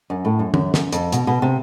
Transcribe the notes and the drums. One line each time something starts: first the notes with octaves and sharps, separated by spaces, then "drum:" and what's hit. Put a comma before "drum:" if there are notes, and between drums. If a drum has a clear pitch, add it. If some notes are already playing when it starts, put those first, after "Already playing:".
F#2
A2
F#2
F#2, drum: tom
F#2, drum: snare
F2, drum: hi-hat
B2, drum: hi-hat
B2
C3